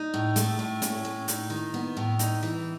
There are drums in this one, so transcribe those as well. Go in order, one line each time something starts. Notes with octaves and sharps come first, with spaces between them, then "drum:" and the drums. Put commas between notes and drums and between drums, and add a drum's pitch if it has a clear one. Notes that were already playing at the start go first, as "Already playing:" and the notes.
Already playing: D#4
A2
A3, drum: hi-hat
A2
C#4, drum: hi-hat
A2
D#4, drum: hi-hat
D#3
B3
A2
D#4, drum: hi-hat
E3